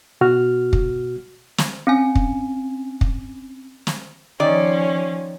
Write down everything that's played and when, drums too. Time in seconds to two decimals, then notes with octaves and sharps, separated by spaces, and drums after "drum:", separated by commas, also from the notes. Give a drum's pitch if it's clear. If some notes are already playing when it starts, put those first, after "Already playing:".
0.21 B2 F#4 F6
0.73 drum: kick
1.58 drum: snare
1.87 C4 C#4 G#5
2.15 drum: kick
3.01 drum: kick
3.87 drum: snare
4.40 D#3 F3 C#4 D5